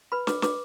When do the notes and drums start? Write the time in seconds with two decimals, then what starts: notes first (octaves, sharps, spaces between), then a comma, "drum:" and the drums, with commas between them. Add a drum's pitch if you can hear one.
0.12 B4 B5
0.27 B4 D6, drum: snare
0.42 B4 D6, drum: snare